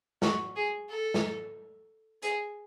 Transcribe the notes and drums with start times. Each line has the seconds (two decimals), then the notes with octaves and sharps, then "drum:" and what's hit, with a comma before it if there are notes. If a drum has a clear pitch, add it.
0.22 F#4, drum: snare
0.56 G#4
0.89 A4
1.14 drum: snare
2.23 G#4, drum: hi-hat